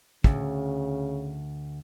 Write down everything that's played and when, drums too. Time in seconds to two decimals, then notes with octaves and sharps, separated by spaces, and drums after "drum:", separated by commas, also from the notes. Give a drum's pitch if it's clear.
0.24 D2 C#3, drum: kick